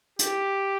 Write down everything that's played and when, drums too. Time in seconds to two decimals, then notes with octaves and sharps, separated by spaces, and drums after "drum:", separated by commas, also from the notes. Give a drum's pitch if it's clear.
0.19 G4, drum: hi-hat